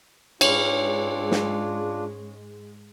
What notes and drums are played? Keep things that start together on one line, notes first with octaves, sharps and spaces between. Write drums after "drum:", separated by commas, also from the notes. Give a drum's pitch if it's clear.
G#2 G#3 C#4 D4 F4 B4, drum: cymbal
drum: snare